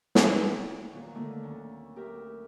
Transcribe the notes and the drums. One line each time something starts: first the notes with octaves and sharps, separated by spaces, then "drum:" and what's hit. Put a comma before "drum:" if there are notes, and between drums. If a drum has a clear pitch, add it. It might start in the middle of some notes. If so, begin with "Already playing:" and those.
C4 G#5 E6, drum: snare
A#2 D#3 F#3
D3 D#3 A3 A#3
D2 C#4
G4 A#4 E5